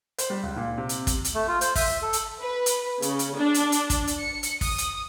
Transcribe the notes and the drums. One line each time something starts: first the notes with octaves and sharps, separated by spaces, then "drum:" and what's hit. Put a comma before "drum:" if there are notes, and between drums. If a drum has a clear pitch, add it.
C5, drum: hi-hat
G3
C#2
A#2
C3
drum: hi-hat
drum: kick, hi-hat
drum: hi-hat
A3
F4
C5, drum: hi-hat
E5, drum: kick, open hi-hat
A4
drum: hi-hat
B4
drum: hi-hat
C#3, drum: hi-hat
drum: hi-hat
D4
drum: hi-hat
drum: hi-hat
drum: kick, hi-hat
drum: hi-hat
C#7
drum: hi-hat
D#6, drum: kick, open hi-hat
drum: hi-hat